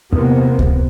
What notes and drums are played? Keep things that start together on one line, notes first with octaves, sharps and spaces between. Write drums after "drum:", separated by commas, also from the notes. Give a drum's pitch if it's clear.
E2 C3 A#3 B3
drum: kick C#2